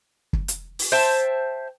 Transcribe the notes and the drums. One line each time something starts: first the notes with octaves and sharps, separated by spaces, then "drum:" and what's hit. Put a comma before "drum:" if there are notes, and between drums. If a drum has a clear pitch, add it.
drum: kick
drum: hi-hat
drum: open hi-hat
C5 E5 G5 A5